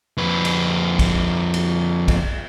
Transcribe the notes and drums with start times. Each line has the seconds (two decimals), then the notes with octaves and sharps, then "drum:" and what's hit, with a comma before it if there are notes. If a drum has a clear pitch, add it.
0.18 F2 B4
0.45 drum: cymbal
0.99 drum: kick, cymbal
1.54 drum: cymbal
2.08 drum: kick, cymbal